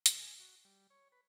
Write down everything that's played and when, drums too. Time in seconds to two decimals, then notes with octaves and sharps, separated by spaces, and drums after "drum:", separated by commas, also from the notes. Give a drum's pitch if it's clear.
0.06 F#4, drum: hi-hat
0.19 G#5
0.40 F#4
0.65 G3
0.90 C#5
1.12 B4